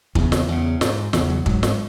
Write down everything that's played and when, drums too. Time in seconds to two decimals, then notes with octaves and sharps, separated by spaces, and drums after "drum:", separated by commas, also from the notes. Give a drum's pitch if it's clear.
0.15 E2 C#3 E3, drum: kick
0.32 drum: snare
0.48 E2 C#3
0.81 G#2, drum: snare
1.13 E2 C#3 E3, drum: snare
1.29 F#3
1.46 G#2 F#3, drum: kick
1.63 drum: snare